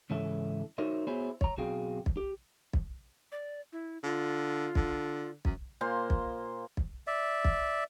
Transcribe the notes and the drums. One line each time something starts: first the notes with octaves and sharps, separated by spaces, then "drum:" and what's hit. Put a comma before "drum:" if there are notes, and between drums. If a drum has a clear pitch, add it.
C#2 G#2 E3 C#4 A4 E5
D#4 F#4 A#4 C5 C#5 E5
B3 E4 F#4 G#4 C5 C#5
C#5 A#5, drum: kick
B1 C4 F#4 G#4 F5 G5
drum: kick
G4
drum: kick
D5
E4
D3 F4
D3, drum: kick
F#2, drum: kick
A#2 A#3 C5 C6
drum: kick
drum: kick
D5 E5
drum: kick